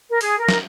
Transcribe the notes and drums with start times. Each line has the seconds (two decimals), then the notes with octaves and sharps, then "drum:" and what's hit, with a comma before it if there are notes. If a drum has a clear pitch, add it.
0.09 A#4
0.21 G#4, drum: open hi-hat
0.39 A#4
0.49 drum: snare